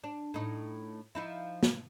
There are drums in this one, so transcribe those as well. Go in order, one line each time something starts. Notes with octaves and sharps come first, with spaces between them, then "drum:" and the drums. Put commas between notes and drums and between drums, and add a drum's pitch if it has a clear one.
D4
A2 D#4
F3 D#4 E4
drum: snare